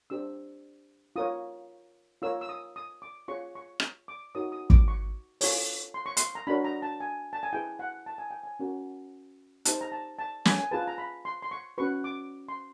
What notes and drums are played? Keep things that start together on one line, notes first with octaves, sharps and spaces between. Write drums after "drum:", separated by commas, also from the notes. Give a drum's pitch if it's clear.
D4 G4 C5 E6
F4 A#4 C#5 D#6
F4 A#4 C#5 E6
E6
D#6
D#6
D6
F4 G#4 C#5 C#6
C#6
drum: rim click
D6
D#4 F#4 A#4 C#5 D#6
D#6
D6, drum: kick
C#6
F4 A4 C#5, drum: open hi-hat
C6
C#6
C6, drum: hi-hat
A#5
D4 F#4 A#4 C#5 B5
A#5
A5
G#5
A5
G#5
E4 G#4 B4 G5
F#5
A5
G#5
G5
G#5
C#4 F#4 A#4
D#4 G4 C5 A5, drum: hi-hat
A#5
A5
A5
G#5, drum: snare
G#5
F4 G#4 B4 A5
A#5
B5
C6
C6
C#6
C#4 F#4 B4 C#6
D6
C6